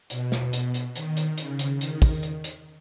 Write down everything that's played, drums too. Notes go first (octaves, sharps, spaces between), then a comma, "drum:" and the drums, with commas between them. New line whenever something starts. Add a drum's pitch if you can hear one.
B2, drum: hi-hat
drum: snare
drum: hi-hat
drum: hi-hat
D#3, drum: hi-hat
drum: hi-hat
C#3, drum: hi-hat
drum: hi-hat
D#3, drum: hi-hat
drum: kick, open hi-hat
drum: hi-hat
drum: hi-hat